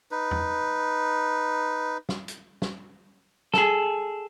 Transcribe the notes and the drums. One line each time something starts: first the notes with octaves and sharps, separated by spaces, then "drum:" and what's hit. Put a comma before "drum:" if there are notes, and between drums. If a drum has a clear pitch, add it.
D#4 B4
drum: tom E2
drum: snare
drum: hi-hat
drum: snare
G#4 A4, drum: snare